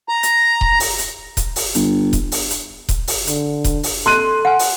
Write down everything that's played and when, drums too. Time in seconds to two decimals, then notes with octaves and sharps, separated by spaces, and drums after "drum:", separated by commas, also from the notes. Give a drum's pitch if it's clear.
0.09 A#5
0.23 drum: hi-hat
0.61 drum: kick D#1
0.80 drum: open hi-hat
0.99 drum: hi-hat
1.37 drum: kick D#1, hi-hat
1.56 drum: open hi-hat
1.75 G1, drum: hi-hat
2.13 drum: kick D#1, hi-hat
2.32 drum: open hi-hat
2.51 drum: hi-hat
2.89 drum: kick D#1, hi-hat
3.08 drum: open hi-hat
3.27 D3, drum: hi-hat
3.64 drum: kick D#1, hi-hat
3.83 drum: open hi-hat
4.06 A4 C6 F#6 D#7
4.45 F#5 G#5
4.59 drum: open hi-hat